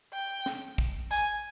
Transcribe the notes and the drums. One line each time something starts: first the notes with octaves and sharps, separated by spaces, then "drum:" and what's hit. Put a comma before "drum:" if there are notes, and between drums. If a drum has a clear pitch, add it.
G5
drum: snare
drum: kick
G#5, drum: tambourine